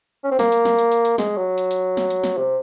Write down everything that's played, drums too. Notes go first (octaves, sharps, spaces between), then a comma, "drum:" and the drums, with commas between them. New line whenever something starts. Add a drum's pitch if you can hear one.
C#4
C4
A#3, drum: snare
drum: hi-hat
drum: snare
drum: hi-hat
drum: hi-hat
drum: hi-hat
G#3, drum: snare
F#3
drum: hi-hat
drum: hi-hat
drum: snare
drum: hi-hat
drum: snare
C3